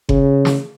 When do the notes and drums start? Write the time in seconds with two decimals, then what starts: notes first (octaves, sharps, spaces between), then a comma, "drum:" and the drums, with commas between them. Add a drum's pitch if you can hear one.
0.09 C#3, drum: kick F#1
0.45 drum: snare